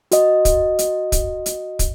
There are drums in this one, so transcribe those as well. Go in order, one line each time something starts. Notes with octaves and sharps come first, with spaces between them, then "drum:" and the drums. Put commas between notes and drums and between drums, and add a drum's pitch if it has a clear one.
F#4 D#5, drum: hi-hat
drum: kick, hi-hat
drum: hi-hat
drum: kick, hi-hat
drum: hi-hat
drum: kick, hi-hat